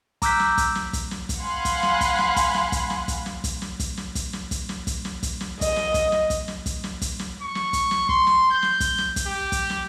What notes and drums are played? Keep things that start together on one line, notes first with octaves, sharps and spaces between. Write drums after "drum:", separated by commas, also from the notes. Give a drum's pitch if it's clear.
A#5 D6 E6 F#6 G6 B6, drum: kick, hi-hat
drum: snare
drum: kick, hi-hat
drum: snare
drum: kick, hi-hat
drum: snare
drum: kick, hi-hat
F5 F#5 G#5 B5 C6 F#6
drum: kick, hi-hat
drum: snare
drum: kick, hi-hat
drum: snare
drum: kick, hi-hat
drum: snare
drum: kick, hi-hat
drum: snare
drum: kick, hi-hat
drum: snare
drum: kick, hi-hat
drum: snare
drum: kick, hi-hat
drum: snare
drum: kick, hi-hat
drum: snare
drum: kick, hi-hat
drum: snare
drum: kick, hi-hat
drum: snare
drum: kick, hi-hat
drum: snare
D#5, drum: kick, hi-hat
drum: snare
drum: kick, hi-hat
drum: snare
drum: kick, hi-hat
drum: snare
drum: kick, hi-hat
drum: snare
drum: kick, hi-hat
drum: snare
C#6
drum: snare
drum: kick, hi-hat
drum: snare
C6, drum: kick
drum: snare
G6
drum: snare
drum: kick, hi-hat
drum: snare
drum: kick, hi-hat
G4
drum: kick, hi-hat
drum: snare